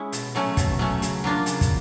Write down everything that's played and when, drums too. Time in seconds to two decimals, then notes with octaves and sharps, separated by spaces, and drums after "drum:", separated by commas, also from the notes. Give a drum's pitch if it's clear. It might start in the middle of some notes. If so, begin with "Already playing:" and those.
Already playing: G#3 C#4 E4
0.12 B2, drum: hi-hat
0.35 F#3 A3 C#4
0.57 B2, drum: kick, hi-hat
0.79 F#3 A3 C#4
1.02 C#3, drum: hi-hat
1.24 F#3 A#3 D4 F4
1.46 C#3, drum: hi-hat
1.61 drum: kick, hi-hat